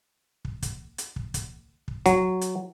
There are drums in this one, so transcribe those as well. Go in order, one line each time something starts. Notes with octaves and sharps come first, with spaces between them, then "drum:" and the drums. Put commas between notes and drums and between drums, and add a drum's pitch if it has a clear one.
drum: kick
drum: kick, hi-hat
drum: hi-hat
drum: kick
drum: kick, hi-hat
drum: kick
F#3, drum: kick, hi-hat
drum: hi-hat